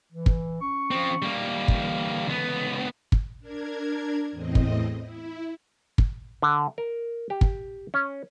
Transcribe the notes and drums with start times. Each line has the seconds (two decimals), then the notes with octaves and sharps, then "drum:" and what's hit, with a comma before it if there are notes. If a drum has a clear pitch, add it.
0.13 E3
0.26 drum: kick
0.61 C#4 C#6
0.91 F3 C4
1.22 G3 A#3
1.68 D3 E3, drum: kick
2.27 C#2 B3
3.12 drum: kick
3.40 D4 A#4 G#6
4.31 E2 A2 C4 D#5
4.55 drum: kick
5.02 E4
5.98 drum: kick
6.42 D3
6.78 A#4
7.30 G4
7.41 drum: kick
7.94 C#4